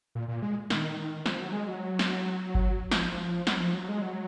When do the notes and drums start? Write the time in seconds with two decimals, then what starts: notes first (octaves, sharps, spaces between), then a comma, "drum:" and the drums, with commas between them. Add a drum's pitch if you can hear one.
0.15 A#2
0.28 A#2
0.42 G#3
0.70 D#3, drum: snare
1.26 F3, drum: snare
1.40 F#3
1.53 G#3
1.68 F#3
1.99 drum: snare
2.55 drum: kick G1
2.91 F3, drum: snare
3.47 F#3, drum: snare
3.60 F3
3.74 F#3
3.89 G#3
4.02 F#3